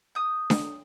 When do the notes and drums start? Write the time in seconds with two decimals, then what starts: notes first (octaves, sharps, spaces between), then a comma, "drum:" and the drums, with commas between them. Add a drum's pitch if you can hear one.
0.15 D#6 G6
0.50 drum: snare D4